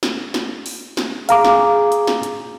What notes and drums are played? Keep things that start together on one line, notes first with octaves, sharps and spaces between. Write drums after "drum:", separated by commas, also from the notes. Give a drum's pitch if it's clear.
drum: snare
drum: snare
drum: open hi-hat
drum: snare
G#4 F5 A#5 D6, drum: hi-hat
drum: snare
drum: hi-hat
drum: snare
drum: hi-hat